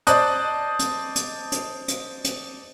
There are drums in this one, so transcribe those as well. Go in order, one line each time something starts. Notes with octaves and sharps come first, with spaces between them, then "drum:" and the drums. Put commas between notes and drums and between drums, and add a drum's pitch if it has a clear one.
C5 D5 D#5 A5 D#6 F#6, drum: hi-hat
drum: hi-hat
drum: hi-hat
drum: hi-hat
drum: hi-hat
drum: hi-hat